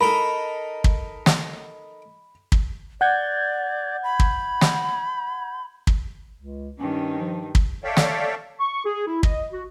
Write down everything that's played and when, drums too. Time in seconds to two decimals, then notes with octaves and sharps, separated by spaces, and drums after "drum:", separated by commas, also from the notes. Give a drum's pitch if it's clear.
0.01 D#4 A4 A#4 B5
0.84 drum: kick
1.26 drum: snare
2.52 drum: kick
3.01 D5 F#5 G6 G#6
4.03 B5
4.20 drum: kick
4.61 drum: snare
5.87 drum: kick
6.38 C#2
6.79 G2 D#3 C#4 D#4
7.20 F3
7.55 drum: kick
7.84 A4 C#5 D5 E5 F5 G5
7.97 drum: snare
8.60 C#6
8.85 G#4
9.06 E4
9.23 D#5, drum: kick
9.51 F#4